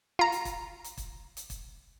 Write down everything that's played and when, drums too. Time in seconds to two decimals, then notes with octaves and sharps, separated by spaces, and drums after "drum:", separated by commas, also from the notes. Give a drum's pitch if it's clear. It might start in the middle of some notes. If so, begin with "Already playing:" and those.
0.19 F4 A#5
0.32 drum: hi-hat
0.45 drum: kick, hi-hat
0.84 drum: hi-hat
0.97 drum: kick, hi-hat
1.37 drum: hi-hat
1.50 drum: kick, hi-hat